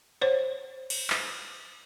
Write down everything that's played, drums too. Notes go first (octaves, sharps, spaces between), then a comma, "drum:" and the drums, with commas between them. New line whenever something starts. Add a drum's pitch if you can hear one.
C5 C#5
drum: cymbal
drum: clap